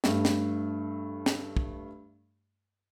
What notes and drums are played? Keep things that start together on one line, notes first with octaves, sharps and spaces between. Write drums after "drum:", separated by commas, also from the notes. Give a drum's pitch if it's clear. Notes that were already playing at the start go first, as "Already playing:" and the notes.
G2 A3, drum: snare
drum: snare
drum: snare
drum: kick